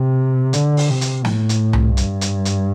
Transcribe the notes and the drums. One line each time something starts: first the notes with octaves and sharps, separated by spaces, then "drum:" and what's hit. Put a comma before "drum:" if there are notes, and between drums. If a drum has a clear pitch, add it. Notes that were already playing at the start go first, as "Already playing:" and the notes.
Already playing: C3
D3, drum: hi-hat
drum: open hi-hat
C3
drum: hi-hat
A2, drum: snare
drum: hi-hat
drum: tom C2
G2, drum: hi-hat
drum: hi-hat
drum: hi-hat